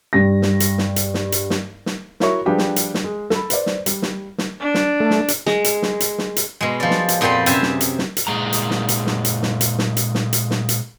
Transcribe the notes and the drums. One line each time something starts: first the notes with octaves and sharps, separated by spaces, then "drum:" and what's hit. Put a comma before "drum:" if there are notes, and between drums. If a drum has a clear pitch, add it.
G2 A#6
drum: snare
drum: hi-hat
drum: snare
drum: hi-hat
drum: snare
drum: hi-hat
drum: snare
drum: snare
E4 F#4 A#4 C#5 E5 C#6, drum: snare
F3 G3 D4 G4 G#4 B4
drum: snare
drum: hi-hat
drum: snare
G#3
A4 B5, drum: snare
B4 C5 D5, drum: hi-hat
drum: snare
G3, drum: hi-hat
drum: snare
drum: snare
D4
drum: snare
A3
drum: snare
drum: hi-hat
G#3, drum: snare
drum: hi-hat
drum: snare
drum: hi-hat
drum: snare
drum: hi-hat
B2 G#3
F3 D5
drum: snare
drum: hi-hat
F2 A#2 B3 G4 D5 C6
F#2 C3 G4 G#4 E5, drum: hi-hat
drum: snare
drum: hi-hat
drum: snare
drum: hi-hat
A#2 G#3 A#5
drum: hi-hat
drum: snare
drum: hi-hat
drum: snare
drum: hi-hat
drum: snare
drum: hi-hat
drum: snare
drum: hi-hat
drum: snare
drum: hi-hat
drum: snare
drum: hi-hat